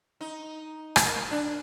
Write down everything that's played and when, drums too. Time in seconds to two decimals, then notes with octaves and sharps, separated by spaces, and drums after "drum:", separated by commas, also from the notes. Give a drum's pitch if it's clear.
0.21 D#4
0.96 drum: rim click
1.06 A#3
1.31 D4